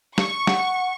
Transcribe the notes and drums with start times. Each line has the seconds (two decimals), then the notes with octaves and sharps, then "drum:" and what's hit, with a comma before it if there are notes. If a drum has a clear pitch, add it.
0.18 C#6, drum: snare
0.47 F#5, drum: snare